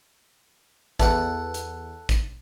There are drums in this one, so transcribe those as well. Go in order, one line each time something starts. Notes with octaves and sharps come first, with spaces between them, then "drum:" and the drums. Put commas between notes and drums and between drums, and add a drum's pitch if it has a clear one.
E2 A4 F#5, drum: kick, hi-hat
drum: hi-hat
drum: kick, hi-hat